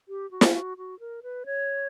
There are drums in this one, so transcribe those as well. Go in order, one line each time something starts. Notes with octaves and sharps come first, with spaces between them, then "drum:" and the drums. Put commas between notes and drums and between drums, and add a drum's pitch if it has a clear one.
G4
F#4
drum: snare
F#4
F#4
A#4
B4
C#5